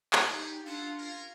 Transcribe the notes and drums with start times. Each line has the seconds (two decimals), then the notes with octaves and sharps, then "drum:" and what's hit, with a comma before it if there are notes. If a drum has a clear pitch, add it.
0.13 drum: clap
0.24 D4 D#4 G4 G#4
0.66 C#4 D4 F4 A4 F#5
0.98 C#4 A#4